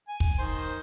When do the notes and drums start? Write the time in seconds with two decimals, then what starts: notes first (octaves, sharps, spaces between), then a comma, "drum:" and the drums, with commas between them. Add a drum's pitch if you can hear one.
0.08 G#5
0.20 drum: kick
0.39 D#3 C5